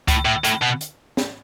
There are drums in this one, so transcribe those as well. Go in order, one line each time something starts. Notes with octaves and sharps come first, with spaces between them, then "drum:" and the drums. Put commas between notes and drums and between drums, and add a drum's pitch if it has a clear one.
A2, drum: kick C#2, hi-hat
A2
A2, drum: hi-hat
B2
drum: hi-hat
drum: snare